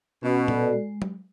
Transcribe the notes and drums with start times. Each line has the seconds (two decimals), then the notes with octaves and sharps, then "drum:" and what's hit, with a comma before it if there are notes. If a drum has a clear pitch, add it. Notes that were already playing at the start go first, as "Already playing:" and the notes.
0.23 B2 C#4
0.48 F#4 A4 D5, drum: tom A#2
0.73 G#3
1.02 drum: tom